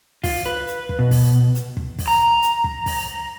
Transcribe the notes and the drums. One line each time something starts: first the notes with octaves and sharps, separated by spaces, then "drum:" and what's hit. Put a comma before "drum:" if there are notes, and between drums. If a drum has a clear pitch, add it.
F4, drum: kick, open hi-hat
B4
drum: hi-hat
drum: kick
B2
drum: kick, open hi-hat
drum: hi-hat
drum: kick
drum: kick, open hi-hat
A#5
drum: hi-hat
drum: kick
drum: kick, open hi-hat